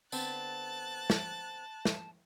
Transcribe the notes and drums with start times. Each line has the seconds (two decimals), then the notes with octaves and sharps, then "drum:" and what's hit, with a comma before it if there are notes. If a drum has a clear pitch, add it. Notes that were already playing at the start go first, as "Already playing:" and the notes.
0.12 D3 B3 C4 A5 F#6 A6, drum: tambourine
1.10 drum: snare
1.85 drum: snare